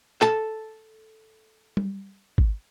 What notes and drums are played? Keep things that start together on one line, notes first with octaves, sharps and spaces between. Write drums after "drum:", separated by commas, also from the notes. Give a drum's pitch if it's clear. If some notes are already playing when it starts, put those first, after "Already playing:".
A4 A5, drum: clap
drum: tom G3
drum: kick G#1